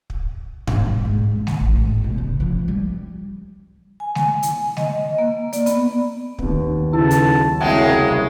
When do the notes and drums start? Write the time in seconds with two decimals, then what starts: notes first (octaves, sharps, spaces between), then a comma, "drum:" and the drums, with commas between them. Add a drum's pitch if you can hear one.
0.10 drum: kick
0.67 B2, drum: tom G2
0.86 G3
1.05 G#2
1.36 D#2
1.47 drum: snare G#3
1.61 A1
1.81 G#2
2.04 B2
2.18 C#3
2.40 F3
2.68 G3
4.00 G#5
4.15 drum: snare G#3
4.43 drum: hi-hat
4.77 D#5, drum: snare G#3
5.18 A#3
5.53 D5, drum: hi-hat
5.66 B3, drum: hi-hat
6.39 D#2 B3, drum: kick
6.93 B1 C#3 E4 A5
7.11 drum: hi-hat
7.60 F#1 C2 C#3 F#3 G#3 E5 F#5 G5